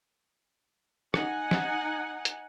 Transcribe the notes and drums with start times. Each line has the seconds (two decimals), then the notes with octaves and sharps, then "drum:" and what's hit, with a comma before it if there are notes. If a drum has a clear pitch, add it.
1.14 D#4 F#5 G#5, drum: rim click
1.51 drum: snare
2.25 drum: hi-hat